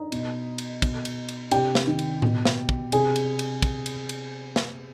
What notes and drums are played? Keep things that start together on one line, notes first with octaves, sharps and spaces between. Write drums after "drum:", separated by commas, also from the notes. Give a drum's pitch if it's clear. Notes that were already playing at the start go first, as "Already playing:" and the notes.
Already playing: D#4 D#5
B2, drum: cymbal
drum: cymbal
B2, drum: kick, cymbal
drum: cymbal
drum: cymbal
C3 G4 G5, drum: cymbal
drum: snare
D#3
drum: cymbal
B2, drum: tom A2
drum: snare
drum: kick
C3 G#4 G#5, drum: cymbal
drum: cymbal
drum: cymbal
drum: kick, cymbal
drum: cymbal
drum: cymbal
drum: snare